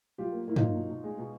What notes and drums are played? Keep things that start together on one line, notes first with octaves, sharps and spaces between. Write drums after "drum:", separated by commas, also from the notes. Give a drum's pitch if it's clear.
F#3 F4 G4
A#3
A#3 E4
F#3 D#4 F4, drum: tom G2
B2
B2
G#3
B2